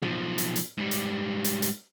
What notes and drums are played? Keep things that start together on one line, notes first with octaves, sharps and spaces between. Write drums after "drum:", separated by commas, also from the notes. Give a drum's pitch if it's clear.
B1 F3, drum: tom
drum: hi-hat
drum: hi-hat
G#2 G3
drum: hi-hat
drum: hi-hat
drum: hi-hat